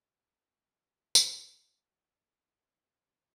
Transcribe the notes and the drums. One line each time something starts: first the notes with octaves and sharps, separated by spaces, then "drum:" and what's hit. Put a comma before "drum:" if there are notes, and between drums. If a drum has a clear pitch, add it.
G3 A3 D4 E4 F4
drum: tambourine
F#3 D5 F#5
C3